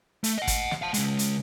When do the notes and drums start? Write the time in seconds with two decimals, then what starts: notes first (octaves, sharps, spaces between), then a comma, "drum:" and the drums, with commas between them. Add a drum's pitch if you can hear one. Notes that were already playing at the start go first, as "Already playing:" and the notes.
0.24 A3, drum: hi-hat
0.38 D#5 F#5
0.47 drum: kick, hi-hat
0.71 drum: snare
0.82 F5 A5
0.94 C#3 G#3, drum: hi-hat
1.19 drum: hi-hat